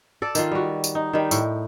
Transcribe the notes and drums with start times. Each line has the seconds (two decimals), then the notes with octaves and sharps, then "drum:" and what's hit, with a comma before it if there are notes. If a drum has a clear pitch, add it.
0.22 A4 D5
0.35 D#3 F4, drum: tambourine
0.51 G3 F#4
0.84 drum: tambourine
0.95 D#4
1.13 D#3 G3
1.31 A2, drum: tambourine